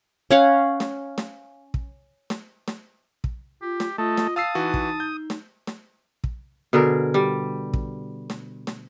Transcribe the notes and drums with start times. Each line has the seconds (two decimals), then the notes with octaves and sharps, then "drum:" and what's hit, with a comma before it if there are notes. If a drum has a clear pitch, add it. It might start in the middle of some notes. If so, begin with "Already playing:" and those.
0.31 C#4 F5 F#5
0.80 drum: snare
1.18 drum: snare
1.74 drum: kick
2.30 drum: snare
2.68 drum: snare
3.24 drum: kick
3.62 F4 G4
3.80 drum: snare
3.98 A3 F4 D#5
4.17 drum: snare
4.36 F5 A5 D#6 E6 C7
4.55 E3 D#4 F#4
4.74 drum: kick
5.00 G6
5.30 drum: snare
5.67 drum: snare
6.24 drum: kick
6.73 B2 D3 G#4 A#4
7.14 G3
7.74 drum: kick
8.30 drum: snare
8.67 drum: snare